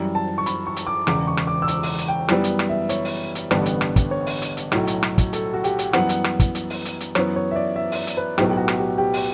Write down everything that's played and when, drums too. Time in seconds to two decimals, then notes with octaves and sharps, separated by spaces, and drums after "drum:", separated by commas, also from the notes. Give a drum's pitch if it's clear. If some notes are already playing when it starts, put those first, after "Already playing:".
Already playing: F#2 E3 G3
0.15 A5
0.38 C#6
0.46 B5, drum: hi-hat
0.67 C#6
0.76 drum: hi-hat
0.87 D6
1.07 E1 E2 C#3 D6, drum: rim click
1.27 C#6
1.37 drum: rim click
1.47 D6
1.62 E6
1.68 D6, drum: hi-hat
1.83 drum: open hi-hat
1.98 drum: hi-hat
2.08 G5
2.28 F#2 E3 G3 B3, drum: rim click
2.44 drum: hi-hat
2.59 drum: rim click
2.69 E5
2.89 C#5, drum: hi-hat
3.05 drum: open hi-hat
3.35 drum: hi-hat
3.51 A1 G2 D3 G3 B3, drum: rim click
3.66 drum: hi-hat
3.81 drum: rim click
3.96 drum: kick, hi-hat
4.11 C#5
4.26 drum: open hi-hat
4.42 drum: hi-hat
4.57 drum: hi-hat
4.72 B1 A2 F#3, drum: rim click
4.87 drum: hi-hat
5.03 drum: rim click
5.18 drum: kick, hi-hat
5.33 A4, drum: hi-hat
5.54 F#4
5.64 G4, drum: hi-hat
5.79 drum: hi-hat
5.93 F#2 E3 G3 B3 F#5, drum: rim click
6.09 drum: hi-hat
6.24 drum: rim click
6.40 drum: kick, hi-hat
6.55 drum: hi-hat
6.70 drum: open hi-hat
6.85 drum: hi-hat
7.00 drum: hi-hat
7.15 F#2 E3 B3 C#5, drum: rim click
7.36 C#5
7.51 E5
7.56 D5
7.76 E5
7.92 drum: open hi-hat
8.07 drum: hi-hat
8.17 B4
8.38 B1 A2 F#3 B3 G4, drum: rim click
8.49 G4
8.57 F#4
8.68 drum: rim click
8.78 G4
8.98 G4
9.14 drum: open hi-hat